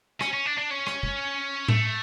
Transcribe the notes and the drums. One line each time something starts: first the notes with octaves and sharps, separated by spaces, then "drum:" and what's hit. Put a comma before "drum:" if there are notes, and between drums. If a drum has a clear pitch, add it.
C#4, drum: rim click
C#4
D4
D4
C#4
drum: rim click
drum: kick
A3, drum: tom A2